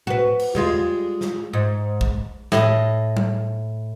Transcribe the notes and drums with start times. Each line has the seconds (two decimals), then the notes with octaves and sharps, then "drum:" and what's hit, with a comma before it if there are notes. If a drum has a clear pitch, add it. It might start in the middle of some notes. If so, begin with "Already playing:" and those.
0.07 F#4 B4, drum: tom A2
0.39 drum: cymbal
0.55 G3 G#3 F4, drum: tom E2
1.21 drum: snare
1.53 G#2
2.01 drum: kick
2.52 A2 D#5, drum: snare
3.17 drum: tom F#3